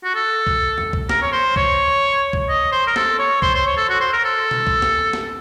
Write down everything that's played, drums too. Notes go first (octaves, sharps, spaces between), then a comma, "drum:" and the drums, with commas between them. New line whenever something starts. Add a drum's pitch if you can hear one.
F#4
A4
drum: kick C2
drum: tom E2
drum: kick C2
A#4, drum: snare
C#5
C5
C#5, drum: kick C2
drum: kick C2
D#5
C5
A#4
A4, drum: snare
C#5
C5, drum: kick C2
C5
C#5
A4
F#4
C5
A#4
A4
drum: tom
drum: kick C2
drum: snare
drum: snare